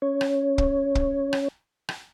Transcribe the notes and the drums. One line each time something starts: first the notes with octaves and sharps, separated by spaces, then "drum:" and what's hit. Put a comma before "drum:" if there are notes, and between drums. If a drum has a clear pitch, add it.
C#4 C#5
drum: rim click
drum: kick
drum: kick
drum: rim click
drum: rim click